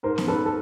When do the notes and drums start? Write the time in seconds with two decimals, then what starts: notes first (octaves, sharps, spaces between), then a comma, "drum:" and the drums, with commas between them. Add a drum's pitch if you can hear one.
0.03 G#2 A#4 C5
0.18 drum: snare B3
0.28 G#2 A4 B4
0.46 A4